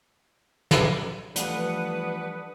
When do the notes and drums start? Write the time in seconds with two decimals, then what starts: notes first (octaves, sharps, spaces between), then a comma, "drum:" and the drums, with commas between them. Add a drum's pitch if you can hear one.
0.71 drum: snare
1.36 E3 F3 G3 A3 D4 B4 F#5 D#6, drum: hi-hat